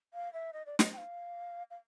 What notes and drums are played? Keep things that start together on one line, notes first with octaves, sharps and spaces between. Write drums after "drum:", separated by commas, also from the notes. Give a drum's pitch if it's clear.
F5
E5
D#5
D5
D#5, drum: snare
G5
F5
F5